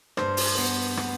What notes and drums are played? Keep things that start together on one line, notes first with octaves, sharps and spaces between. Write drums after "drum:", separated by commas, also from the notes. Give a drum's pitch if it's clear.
G2 C5, drum: rim click
drum: open hi-hat
B3
B3, drum: rim click